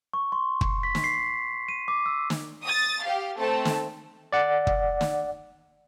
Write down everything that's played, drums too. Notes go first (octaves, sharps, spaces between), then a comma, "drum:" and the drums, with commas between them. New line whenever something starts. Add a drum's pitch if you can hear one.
C#6
C6
drum: kick
B6
drum: snare
C7
D#7
D6
E6
drum: snare
D#6 A6
G4 F5
A3 C4 A4 A5
drum: snare
D5 F#5
drum: kick
drum: snare